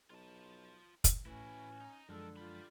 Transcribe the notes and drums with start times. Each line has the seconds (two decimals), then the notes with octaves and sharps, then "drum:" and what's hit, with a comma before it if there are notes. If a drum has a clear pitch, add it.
0.10 B1 F4 A5
1.04 drum: kick, hi-hat
1.26 A2 E3 C#4 E4 F#4
1.81 D#4 A#5
2.09 F#2 D3 D#3 F3 G#3 A4 A#4
2.36 G3 F4 B5